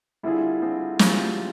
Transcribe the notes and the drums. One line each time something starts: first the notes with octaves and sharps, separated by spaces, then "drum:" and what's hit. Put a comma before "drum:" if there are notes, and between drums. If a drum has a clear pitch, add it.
D3 G3 C4 E4 F4 G#4
D3 G3 C4 F4 G#4
D3 G3 C4 F4 G#4, drum: snare